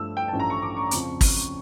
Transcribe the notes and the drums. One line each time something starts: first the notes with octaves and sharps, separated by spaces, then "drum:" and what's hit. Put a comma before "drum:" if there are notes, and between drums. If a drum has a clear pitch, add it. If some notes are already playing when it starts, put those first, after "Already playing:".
Already playing: G2 F3 A3 E6
G5
A1 G2 F3 A3 C#4 A5
A#5
C#6
D6
C#6
F2 C#3 F3, drum: hi-hat
drum: kick, open hi-hat